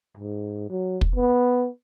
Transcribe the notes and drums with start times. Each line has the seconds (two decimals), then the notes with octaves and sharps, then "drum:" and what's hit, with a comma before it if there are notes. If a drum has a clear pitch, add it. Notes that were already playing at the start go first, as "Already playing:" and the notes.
0.17 G#2
0.70 F#3
1.01 drum: kick
1.16 B3